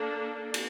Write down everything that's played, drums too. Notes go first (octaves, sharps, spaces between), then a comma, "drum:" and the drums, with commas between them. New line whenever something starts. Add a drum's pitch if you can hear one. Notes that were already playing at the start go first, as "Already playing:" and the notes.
Already playing: A#3 D4 A4
drum: cymbal